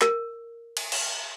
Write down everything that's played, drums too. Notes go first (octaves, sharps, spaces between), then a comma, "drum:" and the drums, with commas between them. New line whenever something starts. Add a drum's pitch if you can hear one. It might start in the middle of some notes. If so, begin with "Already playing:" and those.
A#4, drum: clap
drum: cymbal
drum: cymbal